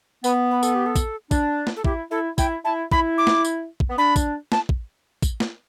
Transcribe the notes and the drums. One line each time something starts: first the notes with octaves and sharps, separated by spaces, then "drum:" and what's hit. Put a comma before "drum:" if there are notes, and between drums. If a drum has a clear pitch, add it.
B3 B4, drum: tambourine
B4
A4, drum: tambourine
G4
A4
drum: kick, tambourine
D4, drum: kick, tambourine
drum: snare
A4
E4 G4, drum: kick
E4 A4
E4 G5, drum: kick, tambourine
E4 A5
E4 B5, drum: kick
D6
drum: snare
drum: tambourine
drum: kick
B3
D4 B5
drum: kick, tambourine
A5, drum: snare
drum: kick
drum: kick, tambourine
drum: snare